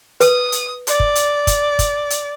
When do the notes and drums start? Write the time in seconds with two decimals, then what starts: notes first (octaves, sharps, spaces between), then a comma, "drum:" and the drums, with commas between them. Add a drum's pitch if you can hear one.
0.20 B4 D#6, drum: hi-hat
0.52 drum: hi-hat
0.87 D5, drum: hi-hat
1.00 drum: kick
1.15 drum: hi-hat
1.47 drum: kick, hi-hat
1.79 drum: kick, hi-hat
2.10 drum: hi-hat